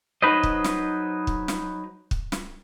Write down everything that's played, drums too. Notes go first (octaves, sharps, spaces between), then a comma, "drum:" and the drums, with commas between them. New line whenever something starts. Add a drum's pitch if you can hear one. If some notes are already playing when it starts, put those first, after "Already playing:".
F#3 D#4 B4 C5 D#5
drum: kick
drum: snare
drum: kick
drum: snare
drum: kick
drum: snare